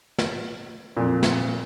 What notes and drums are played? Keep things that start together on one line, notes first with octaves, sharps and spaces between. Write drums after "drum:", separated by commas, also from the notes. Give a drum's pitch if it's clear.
drum: snare
F2 A#2
drum: snare